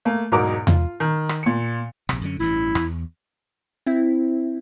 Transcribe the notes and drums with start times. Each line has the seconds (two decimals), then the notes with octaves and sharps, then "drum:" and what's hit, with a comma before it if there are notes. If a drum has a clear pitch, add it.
0.05 A3 A#3
0.32 E1 G#2 F#3 D#4 A#4 D6
0.67 F4, drum: tom E2
1.00 D#3
1.29 drum: rim click
1.43 A#2 C#7
2.09 A#1 C3, drum: rim click
2.21 F#2 D3 C#4
2.40 A1 G2 E3 E4
2.75 E2, drum: rim click
3.87 C4 E4